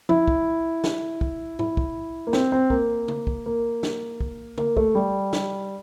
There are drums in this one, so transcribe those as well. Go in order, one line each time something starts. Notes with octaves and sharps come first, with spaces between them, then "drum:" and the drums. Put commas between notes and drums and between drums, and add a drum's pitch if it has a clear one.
E4, drum: tom F3
drum: kick
drum: snare
drum: kick
E4, drum: tom G#2
drum: kick
A#3
C4, drum: snare
C4
A#3, drum: kick
drum: tom
drum: kick
A#3
drum: snare
drum: kick
A#3, drum: tom
A3, drum: kick
G3
drum: snare